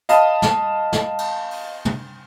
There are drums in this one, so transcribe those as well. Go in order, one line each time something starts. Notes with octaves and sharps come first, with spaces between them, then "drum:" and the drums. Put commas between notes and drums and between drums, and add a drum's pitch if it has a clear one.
D#5 F5 A5 B5 D#6, drum: hi-hat
drum: snare
drum: snare
drum: cymbal
drum: open hi-hat
drum: tom